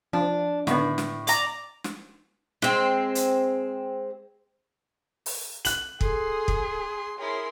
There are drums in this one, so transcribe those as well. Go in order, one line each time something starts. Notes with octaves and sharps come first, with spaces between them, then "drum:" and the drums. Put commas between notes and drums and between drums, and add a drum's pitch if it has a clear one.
F3 D4
A2 D3 D#3 B3, drum: snare
drum: snare
D5 A#5, drum: hi-hat
drum: snare
G#3 C4, drum: snare
drum: hi-hat
drum: open hi-hat
F#6 F#7, drum: hi-hat
G#4 A4 C6, drum: kick
drum: kick
E4 G#4 A#4 C#5 C6